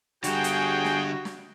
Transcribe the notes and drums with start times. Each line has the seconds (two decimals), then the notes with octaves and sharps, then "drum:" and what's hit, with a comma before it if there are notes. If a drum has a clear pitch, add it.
0.24 D3 G3 F#4 G#4 G5, drum: hi-hat
0.44 drum: hi-hat
0.85 drum: snare
1.25 drum: snare